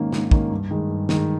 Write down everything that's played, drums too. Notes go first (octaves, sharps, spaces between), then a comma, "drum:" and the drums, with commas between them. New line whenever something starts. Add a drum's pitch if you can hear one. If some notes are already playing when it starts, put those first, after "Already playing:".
Already playing: G#2 D#3 A#3 C#4
G#2, drum: snare
D#3 A#3 C#4, drum: kick
G2
D#3 G#3
G2
D#3 G#3, drum: snare